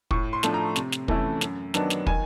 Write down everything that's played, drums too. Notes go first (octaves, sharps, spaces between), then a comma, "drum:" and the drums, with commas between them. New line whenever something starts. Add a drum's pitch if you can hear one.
A2 C#6, drum: kick
C6
F3 A3 D4, drum: snare
A#5
C3, drum: snare
drum: snare
E3 A3 C#4 E4, drum: kick
F#2, drum: snare
D#3 F#3 B3 D4, drum: snare
drum: snare
D#3 G#5, drum: kick